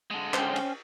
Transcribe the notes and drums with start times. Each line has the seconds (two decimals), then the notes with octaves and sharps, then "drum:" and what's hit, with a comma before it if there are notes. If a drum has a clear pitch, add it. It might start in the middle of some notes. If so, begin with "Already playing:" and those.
0.11 D3 G#3
0.34 C#4 C5 G5, drum: clap
0.56 drum: cymbal